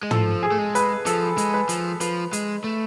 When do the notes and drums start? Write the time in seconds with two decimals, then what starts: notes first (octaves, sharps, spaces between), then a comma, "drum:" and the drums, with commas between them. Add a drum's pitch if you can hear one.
0.03 G#3
0.11 F3 A4, drum: tom
0.43 G#4
0.52 A3
0.58 G#3
0.75 B4, drum: hi-hat
1.06 F3 A4, drum: hi-hat
1.38 G#3, drum: hi-hat
1.54 B4
1.69 F3, drum: hi-hat
2.00 F3 B4, drum: hi-hat
2.33 G#3, drum: hi-hat
2.64 A3